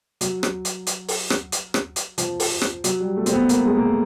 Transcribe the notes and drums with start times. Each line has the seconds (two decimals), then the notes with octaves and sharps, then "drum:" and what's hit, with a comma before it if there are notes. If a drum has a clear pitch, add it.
0.21 F#3, drum: hi-hat
0.43 drum: rim click
0.65 drum: hi-hat
0.87 drum: hi-hat
1.08 drum: open hi-hat
1.30 drum: rim click
1.52 drum: hi-hat
1.74 drum: rim click
1.96 drum: hi-hat
2.18 F3, drum: hi-hat
2.40 drum: open hi-hat
2.61 drum: rim click
2.84 F#3, drum: hi-hat
3.00 G3
3.17 A3
3.26 C4, drum: hi-hat
3.32 B3
3.49 A#3, drum: hi-hat
3.66 G#3
3.77 A#3
3.82 A3